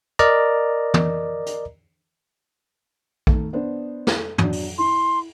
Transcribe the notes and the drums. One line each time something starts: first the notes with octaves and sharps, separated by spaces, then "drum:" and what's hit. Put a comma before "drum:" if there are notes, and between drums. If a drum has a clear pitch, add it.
A#4 D5 D#5 A#5
drum: tom
drum: hi-hat
D#3 A3, drum: kick A#1
B3 D4 C5
drum: snare
A4
F#3 D4, drum: tom
drum: open hi-hat
E4 C6